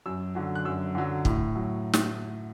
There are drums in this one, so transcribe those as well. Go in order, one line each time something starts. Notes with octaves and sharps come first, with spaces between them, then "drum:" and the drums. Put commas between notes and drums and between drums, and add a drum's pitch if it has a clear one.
F#2 E6
D3 F#3
F#6
F#2 E6
D3 F#3
A2, drum: kick
F#3
drum: snare